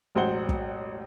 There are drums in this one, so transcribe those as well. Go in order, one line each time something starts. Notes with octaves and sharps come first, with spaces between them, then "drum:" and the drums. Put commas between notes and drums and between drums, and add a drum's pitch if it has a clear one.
E1 A1 F#3 C5 F#5 G7
drum: kick